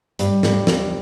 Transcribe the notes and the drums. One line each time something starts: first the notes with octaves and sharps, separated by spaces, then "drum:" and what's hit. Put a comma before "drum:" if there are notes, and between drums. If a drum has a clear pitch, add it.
G2 G3, drum: hi-hat
A2 G3, drum: snare
drum: snare